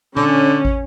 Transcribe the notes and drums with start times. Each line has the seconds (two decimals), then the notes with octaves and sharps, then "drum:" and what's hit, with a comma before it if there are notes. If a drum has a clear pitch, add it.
0.17 D3 C#4, drum: tom A#2
0.65 drum: kick